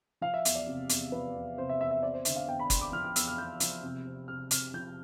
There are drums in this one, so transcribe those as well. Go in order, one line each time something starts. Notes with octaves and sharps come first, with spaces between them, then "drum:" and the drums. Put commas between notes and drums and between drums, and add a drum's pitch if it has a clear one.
F3 F5
E5
E2, drum: hi-hat
D5
C3
E2, drum: hi-hat
F3 B4
E2
C3 C5
E5
E2 E5
E5
C4 D5
C5
D3 E5, drum: hi-hat
F5
E2 G5
B5
E2 C6, drum: kick F#1, hi-hat
D6
F3 F6
F6
E2 E6, drum: hi-hat
F6
E2 G6
F3, drum: hi-hat
C3
C4
C3 F6
C3 F6, drum: hi-hat
F3 G6